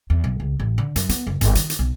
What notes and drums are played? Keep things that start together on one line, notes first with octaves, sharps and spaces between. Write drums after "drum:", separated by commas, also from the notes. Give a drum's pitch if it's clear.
E2
B1
C#2
A1
D3
F#2, drum: hi-hat
B3, drum: hi-hat
F#1
G1, drum: hi-hat
D#3, drum: hi-hat
drum: hi-hat
B1